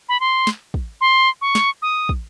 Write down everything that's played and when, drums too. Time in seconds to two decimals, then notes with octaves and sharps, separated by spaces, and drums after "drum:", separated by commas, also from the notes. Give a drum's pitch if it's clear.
0.09 B5
0.20 C6
0.47 drum: snare
0.74 drum: kick
1.01 C6
1.41 C#6
1.55 drum: snare
1.82 D#6
2.09 drum: kick